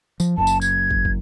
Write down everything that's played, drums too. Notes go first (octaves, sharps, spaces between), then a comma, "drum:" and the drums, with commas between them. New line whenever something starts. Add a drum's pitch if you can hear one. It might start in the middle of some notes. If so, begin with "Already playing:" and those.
F3, drum: tambourine
F#1 F#2 A5
drum: tambourine
G#6, drum: tambourine
drum: kick
drum: kick